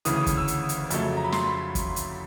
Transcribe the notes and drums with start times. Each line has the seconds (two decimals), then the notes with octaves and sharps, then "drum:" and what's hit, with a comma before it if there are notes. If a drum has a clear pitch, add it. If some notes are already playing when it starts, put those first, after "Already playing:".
0.05 D2 C#3 E3 D#6, drum: hi-hat
0.16 D#6
0.27 drum: kick, hi-hat
0.37 E6
0.48 drum: hi-hat
0.69 drum: hi-hat
0.90 F2 C#3 F#3 A3, drum: hi-hat
1.17 A#5
1.24 B5
1.32 C6, drum: snare
1.47 B5
1.75 drum: kick, hi-hat
1.96 drum: hi-hat